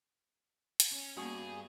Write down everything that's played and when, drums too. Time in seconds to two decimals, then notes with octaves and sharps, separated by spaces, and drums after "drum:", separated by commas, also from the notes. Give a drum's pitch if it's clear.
0.80 drum: hi-hat
0.92 C#4
1.17 G2 A#3 B3 C#4 F#4 G#4 G#5 C#6